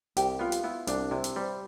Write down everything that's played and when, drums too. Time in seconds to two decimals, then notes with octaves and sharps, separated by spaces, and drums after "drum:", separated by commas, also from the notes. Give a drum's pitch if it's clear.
0.17 C2 G4, drum: hi-hat
0.39 B3 F4
0.52 drum: hi-hat
0.64 B3 E4
0.87 C2 D4, drum: hi-hat
1.11 C3 E4
1.24 drum: hi-hat
1.36 G3 C5